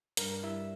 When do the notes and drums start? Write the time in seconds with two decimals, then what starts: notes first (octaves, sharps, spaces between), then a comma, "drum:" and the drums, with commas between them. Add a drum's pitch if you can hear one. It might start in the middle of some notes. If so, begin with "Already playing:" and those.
0.17 G2 A#4, drum: hi-hat
0.43 G3 E4 E5